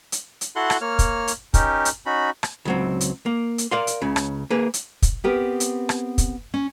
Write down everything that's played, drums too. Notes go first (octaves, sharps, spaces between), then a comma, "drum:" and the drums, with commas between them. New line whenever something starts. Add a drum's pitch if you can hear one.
drum: hi-hat
drum: hi-hat
E4 F#4 A4 F#5 C6 F#6
drum: rim click
A#3 C#5 F6
drum: kick, hi-hat
drum: hi-hat
C#4 D#4 G4 A#4, drum: kick, hi-hat
drum: hi-hat
C#4 D#4 F#4 B5
drum: rim click
C#2 F#3 C4
drum: hi-hat
A#3
drum: hi-hat
A#4 D5 F5 C6
drum: hi-hat
C#2 C#3
drum: rim click
A#3 G#4 B4
drum: hi-hat
drum: kick, hi-hat
B3 C4 G4 A#4 B4
drum: hi-hat
drum: rim click
drum: kick, hi-hat
C#4